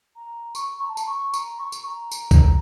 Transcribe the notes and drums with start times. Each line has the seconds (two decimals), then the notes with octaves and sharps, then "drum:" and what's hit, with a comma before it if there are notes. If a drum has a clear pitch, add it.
0.16 A#5
0.55 C#6, drum: tambourine
0.81 A#5
0.89 A5
0.97 A#5, drum: tambourine
1.07 C#6
1.34 A#5, drum: tambourine
1.59 C#6
1.72 drum: tambourine
1.85 A#5
2.11 drum: tambourine
2.31 drum: kick C2, tambourine